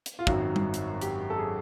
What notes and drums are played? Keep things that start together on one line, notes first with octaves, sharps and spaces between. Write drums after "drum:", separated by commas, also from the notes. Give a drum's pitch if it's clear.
drum: hi-hat
F4
G#1 F#2 D#3 F#3 F#4, drum: kick
drum: tom G3
drum: hi-hat
G4, drum: hi-hat
A4
G#4